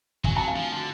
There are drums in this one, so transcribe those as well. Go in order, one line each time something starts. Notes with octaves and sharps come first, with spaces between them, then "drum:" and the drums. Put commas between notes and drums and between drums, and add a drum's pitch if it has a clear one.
F#3 G#5, drum: kick
F#3 A5
F5 G#5
F3
D3